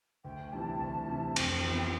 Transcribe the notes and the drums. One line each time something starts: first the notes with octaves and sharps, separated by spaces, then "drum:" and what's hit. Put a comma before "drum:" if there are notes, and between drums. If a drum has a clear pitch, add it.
D2 G5
C3 E3 G3 A5
D2
C3 E3 G3
F2 G5, drum: cymbal
E3 B3 E4